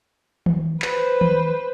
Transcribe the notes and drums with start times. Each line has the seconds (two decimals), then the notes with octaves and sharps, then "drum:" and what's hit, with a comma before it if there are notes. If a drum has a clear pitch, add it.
0.46 drum: tom D#3
0.82 B4 C5, drum: clap
1.21 drum: tom D#3